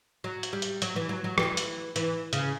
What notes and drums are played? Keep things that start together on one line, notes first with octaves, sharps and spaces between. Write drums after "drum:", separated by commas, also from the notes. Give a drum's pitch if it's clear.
F#3
drum: hi-hat
G3
drum: hi-hat
F#3, drum: hi-hat
E3
F#3
F#3
E3, drum: rim click
drum: hi-hat
E3, drum: hi-hat
C#3, drum: hi-hat